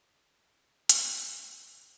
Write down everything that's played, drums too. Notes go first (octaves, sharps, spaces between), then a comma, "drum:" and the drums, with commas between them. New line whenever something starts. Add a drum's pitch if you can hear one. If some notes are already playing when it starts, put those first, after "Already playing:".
Already playing: E4
G#3
G#3
E4, drum: hi-hat
A3
C#5